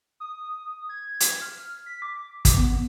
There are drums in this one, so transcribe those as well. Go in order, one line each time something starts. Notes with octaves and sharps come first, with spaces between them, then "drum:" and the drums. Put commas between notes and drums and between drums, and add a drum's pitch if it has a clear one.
D#6
G#6
drum: hi-hat
F6
B6
D6
drum: kick, hi-hat
B3